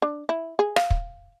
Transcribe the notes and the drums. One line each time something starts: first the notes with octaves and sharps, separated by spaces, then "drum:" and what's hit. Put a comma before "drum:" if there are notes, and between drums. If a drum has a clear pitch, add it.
D4
E4
G#4
F5, drum: rim click
drum: kick